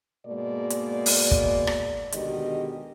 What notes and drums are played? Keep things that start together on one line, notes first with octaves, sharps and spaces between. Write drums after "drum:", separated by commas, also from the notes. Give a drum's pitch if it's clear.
G#2 B2 G#3 A#3 D5
drum: hi-hat
drum: open hi-hat
drum: kick
drum: rim click
B2 D3 D#3 G#3 G4 D#5, drum: hi-hat